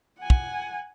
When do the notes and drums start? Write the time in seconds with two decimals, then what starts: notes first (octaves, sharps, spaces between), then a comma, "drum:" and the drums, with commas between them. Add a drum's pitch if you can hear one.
0.19 F#5 G#5
0.30 drum: kick